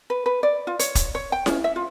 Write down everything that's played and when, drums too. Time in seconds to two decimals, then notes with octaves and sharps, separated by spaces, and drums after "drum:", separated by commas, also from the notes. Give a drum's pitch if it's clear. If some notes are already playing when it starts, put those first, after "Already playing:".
0.10 B4
0.26 B4
0.43 D5
0.67 F4
0.79 C#5, drum: hi-hat
0.95 drum: kick, hi-hat
1.15 C#5
1.32 G5
1.46 C#4, drum: snare E4
1.64 E5
1.76 F4